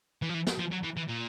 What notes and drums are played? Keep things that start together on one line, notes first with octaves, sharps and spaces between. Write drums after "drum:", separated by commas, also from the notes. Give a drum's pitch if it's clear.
E3
F3
E3
drum: snare
F3
F#3
E3
E3
A#2